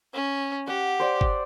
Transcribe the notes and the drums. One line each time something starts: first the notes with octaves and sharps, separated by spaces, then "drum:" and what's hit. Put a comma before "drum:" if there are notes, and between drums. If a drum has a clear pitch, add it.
C#4
G4 F#5
C5 D5
drum: kick G1